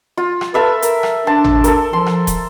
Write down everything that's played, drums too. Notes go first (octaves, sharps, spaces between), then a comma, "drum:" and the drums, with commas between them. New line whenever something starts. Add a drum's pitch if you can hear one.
F4
drum: rim click
A4 B4 E5 F5
A#4, drum: hi-hat
drum: rim click
D4 C5 A5
drum: tom G#1
A4 A#4, drum: hi-hat
F3 C6
drum: rim click
drum: kick, hi-hat